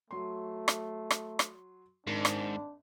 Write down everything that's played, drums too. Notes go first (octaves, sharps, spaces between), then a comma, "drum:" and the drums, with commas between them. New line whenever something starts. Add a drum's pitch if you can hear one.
F#3 A3 C6
drum: rim click
drum: rim click
drum: rim click
G#1 G#2 D4
drum: rim click